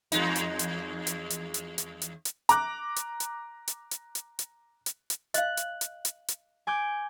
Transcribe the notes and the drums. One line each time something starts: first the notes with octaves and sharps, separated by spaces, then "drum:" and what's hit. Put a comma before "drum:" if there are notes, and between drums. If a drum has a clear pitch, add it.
E2 G#3 D#4, drum: hi-hat
drum: hi-hat
drum: hi-hat
drum: hi-hat
drum: hi-hat
drum: hi-hat
drum: hi-hat
drum: hi-hat
drum: hi-hat
A#5 D6 F#6, drum: hi-hat
drum: hi-hat
drum: hi-hat
drum: hi-hat
drum: hi-hat
drum: hi-hat
drum: hi-hat
drum: hi-hat
drum: hi-hat
D#5 F5 F#6, drum: hi-hat
drum: hi-hat
drum: hi-hat
drum: hi-hat
drum: hi-hat
G#5 D6 G6